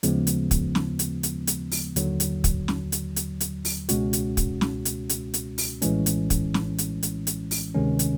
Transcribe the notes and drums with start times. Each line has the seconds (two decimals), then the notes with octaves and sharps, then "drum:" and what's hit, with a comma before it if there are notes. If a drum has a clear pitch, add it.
0.03 D#2 C#3 F3 G#3 B3, drum: hi-hat
0.27 drum: hi-hat
0.51 drum: kick, hi-hat
0.75 drum: snare
0.99 drum: hi-hat
1.23 drum: hi-hat
1.47 drum: hi-hat
1.72 drum: open hi-hat
1.96 D#2 D3 F#3, drum: hi-hat
2.20 drum: hi-hat
2.44 drum: kick, hi-hat
2.68 drum: snare
2.92 drum: hi-hat
3.16 drum: hi-hat
3.40 drum: hi-hat
3.65 drum: open hi-hat
3.89 C#2 B2 G#3 C#4 F#4, drum: hi-hat
4.13 drum: hi-hat
4.37 drum: kick, hi-hat
4.61 drum: snare
4.85 drum: hi-hat
5.09 drum: hi-hat
5.34 drum: hi-hat
5.58 drum: open hi-hat
5.82 A#1 A2 E3 G#3 C#4, drum: hi-hat
6.06 drum: hi-hat
6.30 drum: kick, hi-hat
6.54 drum: snare
6.78 drum: hi-hat
7.03 drum: hi-hat
7.27 drum: hi-hat
7.51 drum: open hi-hat
7.74 D2 C3 D#3 G#3 C#4
7.99 drum: hi-hat